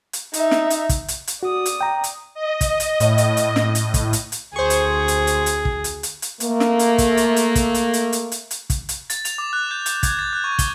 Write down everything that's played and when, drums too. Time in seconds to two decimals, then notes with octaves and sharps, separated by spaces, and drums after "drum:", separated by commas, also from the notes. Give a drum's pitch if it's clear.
0.13 drum: hi-hat
0.34 D#4 E5, drum: hi-hat
0.51 drum: snare
0.70 drum: hi-hat
0.89 drum: kick, hi-hat
1.08 drum: hi-hat
1.27 drum: hi-hat
1.43 F#4 D5 D#6
1.66 drum: hi-hat
1.81 G5 A#5
2.04 drum: hi-hat
2.34 D#5
2.61 drum: kick, hi-hat
2.80 drum: hi-hat
3.00 A2, drum: hi-hat
3.18 drum: hi-hat
3.37 drum: hi-hat
3.56 drum: snare
3.75 drum: hi-hat
3.94 drum: kick, hi-hat
4.13 drum: hi-hat
4.32 drum: hi-hat
4.56 D2 G#4 C5 C#6
4.70 drum: hi-hat
5.08 drum: hi-hat
5.27 drum: hi-hat
5.46 drum: hi-hat
5.65 drum: kick
5.84 drum: hi-hat
6.03 drum: hi-hat
6.22 drum: hi-hat
6.40 A3 A#3, drum: hi-hat
6.60 drum: snare
6.79 drum: hi-hat
6.98 drum: kick, hi-hat
7.17 drum: hi-hat
7.36 drum: hi-hat
7.55 drum: kick, hi-hat
7.74 drum: hi-hat
7.94 drum: hi-hat
8.13 drum: hi-hat
8.32 drum: hi-hat
8.51 drum: hi-hat
8.70 drum: kick, hi-hat
8.89 drum: hi-hat
9.10 A6, drum: hi-hat
9.25 F7, drum: hi-hat
9.38 D6
9.53 F#6
9.71 G6
9.86 G6, drum: hi-hat
10.03 G#6, drum: kick, hi-hat
10.19 A6
10.33 F#6
10.44 C#6
10.59 G7, drum: kick, hi-hat